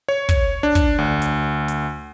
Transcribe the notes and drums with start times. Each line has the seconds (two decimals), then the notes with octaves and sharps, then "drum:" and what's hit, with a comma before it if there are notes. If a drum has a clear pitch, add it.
0.09 C#5
0.29 drum: kick, hi-hat
0.63 D4
0.75 drum: kick, hi-hat
0.98 D2
1.22 drum: hi-hat
1.68 drum: hi-hat